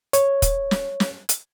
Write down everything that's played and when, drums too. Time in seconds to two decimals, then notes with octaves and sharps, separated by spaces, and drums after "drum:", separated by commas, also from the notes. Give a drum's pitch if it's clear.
0.13 C#5, drum: hi-hat
0.42 drum: kick, hi-hat
0.71 drum: snare
1.00 drum: snare
1.29 drum: hi-hat